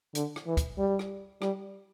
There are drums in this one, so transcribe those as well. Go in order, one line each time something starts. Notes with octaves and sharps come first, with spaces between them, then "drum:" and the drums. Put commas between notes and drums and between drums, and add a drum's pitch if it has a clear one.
D3, drum: hi-hat
drum: rim click
E3
drum: kick, hi-hat
G3
drum: rim click
G3, drum: rim click